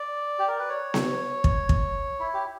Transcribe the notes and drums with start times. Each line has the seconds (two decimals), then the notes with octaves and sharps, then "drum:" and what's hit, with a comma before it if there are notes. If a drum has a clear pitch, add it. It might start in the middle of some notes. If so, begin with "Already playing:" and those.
Already playing: D5
0.39 G4
0.48 A#4
0.59 B4
0.69 C#5
0.94 drum: snare B3
1.44 drum: kick
1.69 drum: kick
2.20 E4
2.34 G4